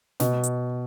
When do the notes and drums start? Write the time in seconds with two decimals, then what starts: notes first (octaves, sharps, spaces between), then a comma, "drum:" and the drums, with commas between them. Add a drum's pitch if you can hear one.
0.20 B2, drum: snare
0.43 drum: hi-hat